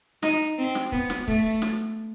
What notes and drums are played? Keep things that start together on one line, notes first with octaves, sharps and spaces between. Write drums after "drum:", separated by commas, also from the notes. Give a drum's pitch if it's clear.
D#4, drum: snare
C4
drum: snare
B3, drum: kick
drum: snare
A3, drum: kick
drum: snare